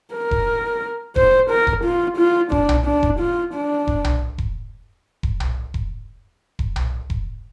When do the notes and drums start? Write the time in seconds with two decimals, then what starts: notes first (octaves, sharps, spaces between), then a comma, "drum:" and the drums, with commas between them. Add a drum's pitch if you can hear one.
0.14 A#4
0.31 drum: kick E1
1.16 C5, drum: kick E1
1.50 A#4
1.67 drum: kick E1
1.84 F4
2.17 F4
2.52 D4, drum: kick E1
2.69 drum: tom B1
2.86 D4
3.03 drum: kick E1
3.19 F4
3.54 D4
3.87 drum: kick E1
4.04 drum: tom B1
4.38 drum: kick E1
5.23 drum: kick E1
5.40 drum: tom B1
5.74 drum: kick E1
6.59 drum: kick E1
6.76 drum: tom B1
7.10 drum: kick E1